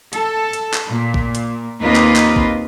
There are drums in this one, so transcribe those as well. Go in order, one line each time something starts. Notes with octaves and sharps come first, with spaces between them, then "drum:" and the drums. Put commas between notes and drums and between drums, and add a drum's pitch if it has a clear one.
A4, drum: hi-hat
drum: hi-hat
drum: clap
A#2
drum: kick A1
drum: hi-hat
D#2 A#3 C4 F4 B4 D#5
drum: clap
drum: clap
drum: kick A1